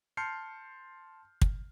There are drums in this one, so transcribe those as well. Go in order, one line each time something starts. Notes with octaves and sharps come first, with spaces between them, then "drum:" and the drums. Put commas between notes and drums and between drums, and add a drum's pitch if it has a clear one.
A5 C6 F6 G6 C7 C#7
drum: kick